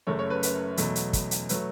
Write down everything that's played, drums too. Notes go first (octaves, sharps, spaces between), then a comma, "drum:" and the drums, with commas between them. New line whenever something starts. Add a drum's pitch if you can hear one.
F#1 F#2 C#3 A3 C#5
C#5
B4
B4, drum: hi-hat
E2 B2 F#3 A3, drum: hi-hat
drum: hi-hat
drum: kick, hi-hat
drum: hi-hat
F#3 A3 B4, drum: hi-hat